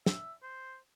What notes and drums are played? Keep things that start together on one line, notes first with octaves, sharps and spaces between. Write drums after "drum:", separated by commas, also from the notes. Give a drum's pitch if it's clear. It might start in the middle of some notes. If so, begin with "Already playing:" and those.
E5, drum: snare
C5